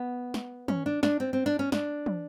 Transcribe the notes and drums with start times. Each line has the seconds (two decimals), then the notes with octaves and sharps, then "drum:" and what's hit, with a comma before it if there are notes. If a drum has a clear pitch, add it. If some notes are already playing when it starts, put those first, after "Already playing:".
Already playing: B3
0.34 drum: snare
0.68 C#4, drum: tom
0.86 D4
1.03 D4, drum: snare
1.20 C4
1.33 C4
1.46 D4
1.59 C#4
1.72 D4, drum: snare
2.06 drum: tom